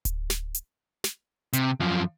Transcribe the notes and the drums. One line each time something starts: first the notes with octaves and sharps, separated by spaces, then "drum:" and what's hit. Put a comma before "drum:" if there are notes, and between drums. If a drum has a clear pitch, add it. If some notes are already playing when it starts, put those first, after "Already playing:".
drum: kick D1, hi-hat
drum: snare
drum: hi-hat
drum: snare
C3, drum: hi-hat
F#2 F3